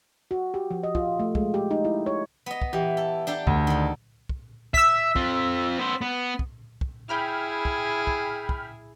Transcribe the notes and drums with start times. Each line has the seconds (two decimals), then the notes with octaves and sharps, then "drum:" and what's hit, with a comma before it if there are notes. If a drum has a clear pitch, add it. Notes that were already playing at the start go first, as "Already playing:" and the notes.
0.31 F#4
0.54 G4
0.71 F3
0.83 D#5
0.95 F4, drum: kick
1.19 A3
1.35 G#3, drum: kick
1.54 G4
1.71 D#4
1.85 E4
2.06 C#5
2.46 B3 D#5
2.62 drum: kick
2.73 E3 G4
2.97 A4
3.27 D4 G4 A4
3.47 D2, drum: kick
3.67 D#3 A4
4.29 drum: kick
4.74 E5 E6 B6, drum: kick
5.16 C4 F4, drum: kick
5.79 B3 C5
6.01 B3
6.39 drum: kick
6.81 drum: kick
7.09 E4 G#4 G5 B5 F6
7.65 drum: kick
8.07 drum: kick
8.49 drum: kick